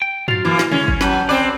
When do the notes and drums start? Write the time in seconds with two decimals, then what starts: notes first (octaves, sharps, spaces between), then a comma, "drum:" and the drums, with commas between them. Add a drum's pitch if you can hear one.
0.02 G5
0.28 F#3 F4 F#4 F5 C6 A6, drum: tom
0.45 E3 A#3 E4
0.59 drum: snare
0.72 C#3 G#3 C#4, drum: tom
0.88 drum: kick
1.01 F#3 C#4 B4 A5 G6, drum: snare
1.29 C4 G#4 B4 D5